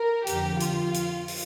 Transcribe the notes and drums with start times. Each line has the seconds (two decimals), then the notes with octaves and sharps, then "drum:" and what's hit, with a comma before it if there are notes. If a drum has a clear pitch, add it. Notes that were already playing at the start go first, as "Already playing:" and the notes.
Already playing: A#4
0.27 F2 D3 F3 G4, drum: hi-hat
0.60 F4, drum: hi-hat
0.94 drum: hi-hat
1.28 drum: open hi-hat